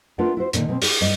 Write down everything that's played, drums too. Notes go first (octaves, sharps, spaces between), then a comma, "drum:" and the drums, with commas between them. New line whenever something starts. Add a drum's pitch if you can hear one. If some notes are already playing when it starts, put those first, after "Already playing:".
A3 D4 F4 A#4 B4 F#5
E4 F#4 C5
A#2 D3 D#3, drum: hi-hat
B2 A#3 C4
E4 G4 G#4, drum: open hi-hat
G2 D#5